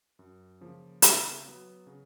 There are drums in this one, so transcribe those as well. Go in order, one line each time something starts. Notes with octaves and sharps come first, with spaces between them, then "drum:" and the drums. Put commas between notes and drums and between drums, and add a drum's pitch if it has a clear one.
F#2
C#3 F3 A#3
C#3, drum: hi-hat
F#3 B3
C#3